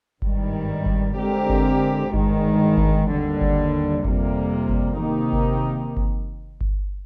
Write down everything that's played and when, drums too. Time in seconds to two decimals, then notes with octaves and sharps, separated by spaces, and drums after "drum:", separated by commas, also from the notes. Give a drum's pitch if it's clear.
0.22 G#1 G2 D#3 G3, drum: kick G1
0.86 drum: kick G1
1.17 D3 G#3 C4 G4 A#4
1.49 drum: kick G1
2.14 G#1 G2 D#3 G#3, drum: kick G1
2.77 drum: kick G1
3.09 D#2 D3 G3
3.41 drum: kick G1
4.05 F2 C3 G3 A#3, drum: kick G1
4.69 drum: kick G1
5.01 C3 D#3 A#3 D#4 G4
5.33 drum: kick G1
5.97 drum: kick G1
6.61 drum: kick G1